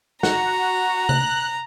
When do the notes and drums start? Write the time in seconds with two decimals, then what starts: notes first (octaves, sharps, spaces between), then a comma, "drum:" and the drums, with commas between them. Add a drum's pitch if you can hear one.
0.23 F#4 A#5, drum: snare
1.09 F#6, drum: tom C3